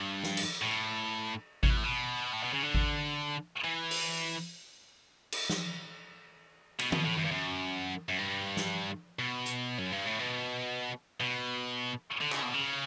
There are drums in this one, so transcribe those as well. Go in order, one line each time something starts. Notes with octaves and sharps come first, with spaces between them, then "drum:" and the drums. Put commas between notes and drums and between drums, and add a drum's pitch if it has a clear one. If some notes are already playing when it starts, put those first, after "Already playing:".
Already playing: G2
drum: snare
drum: cymbal
A2
C#3, drum: kick G#1
B2
A2
B2
A2
B2
C#3
D3
drum: kick G#1
E3
drum: open hi-hat
drum: cymbal
drum: snare
B2, drum: cymbal
B2, drum: tom D#3
A2
F#2
G2
F#2
F#2
G2
drum: snare
B2
drum: hi-hat
F#2
G2
A2
B2
B2
D3
C#3, drum: clap
B2
C#3